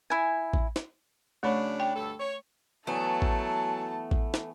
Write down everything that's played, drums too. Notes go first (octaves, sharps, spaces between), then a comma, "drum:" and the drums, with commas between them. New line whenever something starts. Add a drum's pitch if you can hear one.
E4 G#5
drum: kick A1
drum: snare
C#3 F#3 A3 D4 C#5 B5
G5
D2 G2 A4
C#5
E3 F#3 A3 B3 A4 A5
drum: kick A1
drum: kick A1
drum: snare